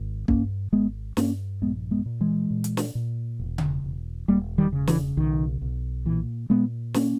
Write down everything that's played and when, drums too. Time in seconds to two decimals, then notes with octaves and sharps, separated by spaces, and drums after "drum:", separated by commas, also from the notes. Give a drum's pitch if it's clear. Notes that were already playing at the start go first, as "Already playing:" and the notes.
Already playing: G#1
0.28 G2 A#3 C#4, drum: kick
0.72 G#1 G#3 B3
1.17 G2 A#3 C#4, drum: snare
1.62 A#1 G#3 B3
1.91 G#3 B3
2.06 A#2
2.21 E3 G#3
2.51 A#2
2.64 drum: hi-hat
2.77 drum: snare
2.95 A#2
3.39 E1
3.58 drum: tom C#3
3.84 E1
4.28 E1 G3 A#3
4.58 D#3 G3
4.73 C#3
4.87 E3, drum: snare
5.17 B1 D#3
5.62 B1
6.05 A#2 E3
6.50 A#2 G#3 B3
6.94 A#3 C#4, drum: snare